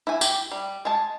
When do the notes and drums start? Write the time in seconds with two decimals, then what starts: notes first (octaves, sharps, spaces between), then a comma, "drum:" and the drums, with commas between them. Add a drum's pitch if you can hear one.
0.07 E4 G#5
0.21 G4, drum: tambourine
0.52 G3
0.85 G#3 A5